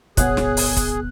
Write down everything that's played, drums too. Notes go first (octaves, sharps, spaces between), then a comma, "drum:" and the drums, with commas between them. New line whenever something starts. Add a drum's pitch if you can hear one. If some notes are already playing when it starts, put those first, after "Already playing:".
D1 G1 B2 B3 G#4 C#5 F#5 F#6, drum: kick, hi-hat
drum: snare
drum: open hi-hat
drum: kick, hi-hat